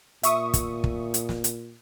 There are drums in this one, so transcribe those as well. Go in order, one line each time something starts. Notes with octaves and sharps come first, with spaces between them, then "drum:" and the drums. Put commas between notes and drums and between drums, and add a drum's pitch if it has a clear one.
A#2 E5 C#6 D#6, drum: hi-hat
drum: kick, hi-hat
drum: kick
drum: hi-hat
drum: snare
drum: hi-hat